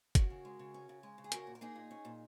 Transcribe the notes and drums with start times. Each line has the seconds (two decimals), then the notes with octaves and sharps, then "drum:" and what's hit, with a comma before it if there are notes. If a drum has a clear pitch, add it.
0.15 C#4 F#4 A#4, drum: kick, hi-hat
0.30 C#3
0.45 G#3
0.59 C#3
0.74 C#4
0.89 C#3
1.03 G#3
1.18 C#3
1.24 G#4
1.32 C#4 F#4 A#4, drum: hi-hat
1.47 A#2
1.55 A#4
1.61 A#3 D#4 G#4
1.76 A#2
1.91 C#4
2.05 A#2